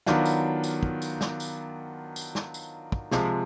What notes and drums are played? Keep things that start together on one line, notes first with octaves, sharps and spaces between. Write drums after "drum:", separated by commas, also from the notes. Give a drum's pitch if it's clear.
D#3 F#3 B3 D4 F4, drum: snare
drum: tambourine
drum: tambourine
drum: kick
drum: tambourine
drum: snare
drum: tambourine
drum: tambourine
drum: snare
drum: tambourine
drum: kick
C3 F3 G#3, drum: snare